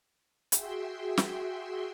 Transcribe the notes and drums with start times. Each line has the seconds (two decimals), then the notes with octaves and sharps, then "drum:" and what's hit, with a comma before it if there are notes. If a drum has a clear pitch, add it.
0.52 F#4 G#4 E5 G5 C6, drum: hi-hat
1.17 drum: snare